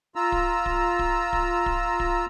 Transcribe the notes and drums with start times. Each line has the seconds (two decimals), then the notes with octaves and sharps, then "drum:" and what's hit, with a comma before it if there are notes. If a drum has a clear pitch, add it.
0.16 F4 A#5 E6
0.32 drum: kick D1
0.66 drum: kick D1
0.99 drum: kick D1
1.33 drum: kick D1
1.66 drum: kick D1
2.00 drum: kick D1